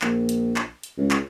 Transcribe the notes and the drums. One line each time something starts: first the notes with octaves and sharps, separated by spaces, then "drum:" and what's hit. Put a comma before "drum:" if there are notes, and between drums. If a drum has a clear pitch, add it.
A#1, drum: clap
drum: hi-hat
drum: clap
drum: hi-hat
C#2
drum: clap